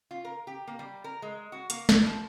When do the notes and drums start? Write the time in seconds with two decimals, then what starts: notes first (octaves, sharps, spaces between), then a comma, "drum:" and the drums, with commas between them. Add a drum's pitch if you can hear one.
0.11 F4
0.25 A#4
0.47 G4
0.67 A#3
0.79 G3
1.04 A#4
1.22 G#3
1.52 F#4
1.70 A#3, drum: hi-hat
1.89 E4, drum: snare
2.06 F3